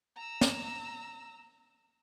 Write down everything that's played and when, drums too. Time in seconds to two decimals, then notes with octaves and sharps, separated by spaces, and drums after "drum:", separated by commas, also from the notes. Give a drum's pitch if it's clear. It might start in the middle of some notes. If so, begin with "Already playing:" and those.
0.16 A#5 E6
0.41 drum: snare